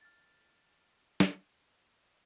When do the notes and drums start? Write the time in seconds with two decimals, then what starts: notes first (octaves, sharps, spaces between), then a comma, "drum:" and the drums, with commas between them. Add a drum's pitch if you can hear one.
0.01 F6 A6
1.20 drum: snare